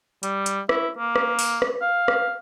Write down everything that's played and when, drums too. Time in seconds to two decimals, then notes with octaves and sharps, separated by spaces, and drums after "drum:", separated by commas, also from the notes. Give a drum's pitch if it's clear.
0.23 G3, drum: hi-hat
0.46 drum: hi-hat
0.69 E4, drum: rim click
0.98 A#3
1.16 drum: rim click
1.39 drum: open hi-hat
1.62 drum: rim click
1.81 F5
2.08 drum: rim click